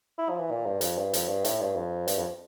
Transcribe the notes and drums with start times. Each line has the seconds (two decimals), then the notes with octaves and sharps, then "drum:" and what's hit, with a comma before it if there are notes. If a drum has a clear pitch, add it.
0.18 E4
0.29 F3
0.39 E3
0.50 A#2
0.66 G2
0.81 F2, drum: hi-hat
0.98 G2
1.13 F2, drum: hi-hat
1.28 G2
1.44 A2, drum: hi-hat
1.61 G2
1.76 F2
2.08 G2, drum: hi-hat
2.18 F2